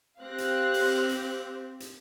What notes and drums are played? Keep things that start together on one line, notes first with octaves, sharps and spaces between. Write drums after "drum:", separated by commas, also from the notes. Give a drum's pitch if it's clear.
C4 G4 F5 F#6 A#6
drum: hi-hat
drum: open hi-hat
drum: hi-hat
drum: hi-hat